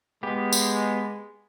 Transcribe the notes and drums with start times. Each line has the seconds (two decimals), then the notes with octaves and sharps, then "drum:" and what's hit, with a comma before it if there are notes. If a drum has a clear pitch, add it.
0.23 G#3 B3 G4
0.53 drum: tambourine